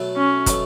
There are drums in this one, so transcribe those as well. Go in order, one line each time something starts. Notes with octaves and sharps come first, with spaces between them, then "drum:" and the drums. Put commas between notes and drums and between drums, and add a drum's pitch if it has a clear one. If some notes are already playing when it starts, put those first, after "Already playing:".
Already playing: B2 F#3 A3
C#4
B2 F#3 A3, drum: kick, hi-hat